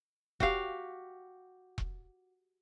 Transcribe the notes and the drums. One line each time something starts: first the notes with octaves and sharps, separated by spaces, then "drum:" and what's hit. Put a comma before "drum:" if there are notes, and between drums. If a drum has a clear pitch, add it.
F#4 G4 F5, drum: kick E1
drum: kick E1